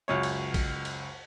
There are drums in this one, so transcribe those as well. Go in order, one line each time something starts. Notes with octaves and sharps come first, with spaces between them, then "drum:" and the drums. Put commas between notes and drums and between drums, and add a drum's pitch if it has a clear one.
C#2 F#2 C#5
drum: cymbal
drum: kick, cymbal
drum: cymbal